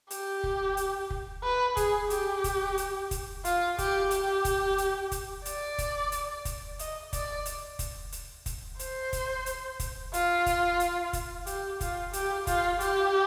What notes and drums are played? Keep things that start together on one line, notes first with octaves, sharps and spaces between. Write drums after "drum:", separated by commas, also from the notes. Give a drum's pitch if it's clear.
G4, drum: hi-hat
drum: kick
drum: hi-hat
drum: kick
B4
G#4, drum: kick, hi-hat
G4, drum: hi-hat
drum: kick, hi-hat
drum: hi-hat
drum: kick, hi-hat
F4, drum: hi-hat
G4, drum: kick, hi-hat
G4, drum: hi-hat
drum: kick, hi-hat
drum: hi-hat
drum: kick, hi-hat
D5, drum: hi-hat
drum: kick, hi-hat
drum: hi-hat
drum: kick, hi-hat
D#5, drum: hi-hat
D5, drum: kick, hi-hat
drum: hi-hat
drum: kick, hi-hat
drum: hi-hat
drum: kick, hi-hat
C5, drum: hi-hat
drum: kick, hi-hat
drum: hi-hat
drum: kick, hi-hat
F4, drum: hi-hat
drum: kick, hi-hat
drum: hi-hat
drum: kick, hi-hat
G4, drum: hi-hat
F4, drum: kick, hi-hat
G4, drum: hi-hat
F4, drum: kick, hi-hat
G4, drum: hi-hat